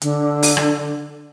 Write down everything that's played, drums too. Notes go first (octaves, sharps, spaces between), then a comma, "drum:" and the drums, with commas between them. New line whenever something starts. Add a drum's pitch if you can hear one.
D3, drum: hi-hat
drum: open hi-hat
drum: rim click